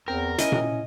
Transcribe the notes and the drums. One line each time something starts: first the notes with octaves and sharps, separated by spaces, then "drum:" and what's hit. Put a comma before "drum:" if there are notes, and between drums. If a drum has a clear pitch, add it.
E2 C4 A#4 G5
C#4 E4 D#5, drum: hi-hat
drum: tom A#2